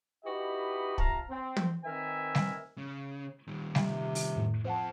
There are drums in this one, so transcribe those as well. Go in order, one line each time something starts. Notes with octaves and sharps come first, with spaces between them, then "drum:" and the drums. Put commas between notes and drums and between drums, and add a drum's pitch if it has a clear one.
D#4 E4 F#4 G4 B4 D#5
C3 F3 F5 A5 A#5, drum: kick
C4
drum: tom
D#3 C4 A#4 B4 E5 G#5
drum: snare G3
C#3
D#3 G3
C3, drum: snare G3
drum: open hi-hat
F2 A2
F3 C4 C5 F#5 A5